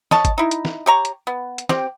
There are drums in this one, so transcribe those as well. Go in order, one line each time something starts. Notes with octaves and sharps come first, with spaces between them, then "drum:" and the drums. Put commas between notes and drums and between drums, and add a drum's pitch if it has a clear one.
C#5 D#5 A5, drum: snare
drum: kick, hi-hat
D#4 E4
drum: hi-hat
drum: snare
G4 C#5 A#5
drum: hi-hat
B3
drum: hi-hat
C4 G4, drum: snare